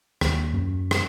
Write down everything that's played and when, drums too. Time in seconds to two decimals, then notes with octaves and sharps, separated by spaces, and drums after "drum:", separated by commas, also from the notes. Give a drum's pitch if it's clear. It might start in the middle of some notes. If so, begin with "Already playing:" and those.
0.21 D#2, drum: rim click
0.53 F#2
0.91 drum: rim click